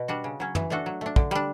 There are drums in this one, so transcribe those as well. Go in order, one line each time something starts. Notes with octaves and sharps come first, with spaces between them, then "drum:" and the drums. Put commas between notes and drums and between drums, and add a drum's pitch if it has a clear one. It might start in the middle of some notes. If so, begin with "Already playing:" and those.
Already playing: B2
G3 D4 F#4
C#3
F#3 C#4
E3, drum: tom
A3 D4 F#4 A4
F#3
A3 D4
D3, drum: kick
G3 D4